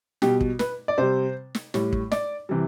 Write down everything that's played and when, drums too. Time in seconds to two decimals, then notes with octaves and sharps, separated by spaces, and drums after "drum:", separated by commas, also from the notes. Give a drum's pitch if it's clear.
0.22 B2 G3 G4, drum: snare
0.41 drum: kick
0.59 B4, drum: snare
0.88 D5
0.98 C3 G3 C5
1.55 drum: snare
1.74 A2 G3, drum: snare
1.93 drum: kick
2.12 D5, drum: snare
2.49 C3 E3 G3